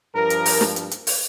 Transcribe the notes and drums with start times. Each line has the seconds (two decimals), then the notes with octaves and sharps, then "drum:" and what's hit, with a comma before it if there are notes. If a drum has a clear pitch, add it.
0.14 G2 F3 A#4
0.30 drum: hi-hat
0.46 drum: open hi-hat
0.61 drum: snare
0.76 drum: hi-hat
0.91 drum: hi-hat
1.07 drum: open hi-hat